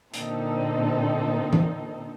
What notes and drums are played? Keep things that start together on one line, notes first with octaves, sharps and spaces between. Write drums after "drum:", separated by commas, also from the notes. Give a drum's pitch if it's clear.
A#2 D3 C4 D#4 A4, drum: hi-hat
drum: tom E3